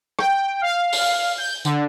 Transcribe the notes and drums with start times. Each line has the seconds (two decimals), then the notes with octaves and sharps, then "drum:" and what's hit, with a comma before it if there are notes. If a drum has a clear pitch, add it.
0.19 G5, drum: rim click
0.61 F5
0.92 drum: open hi-hat
1.38 G6
1.65 D3, drum: hi-hat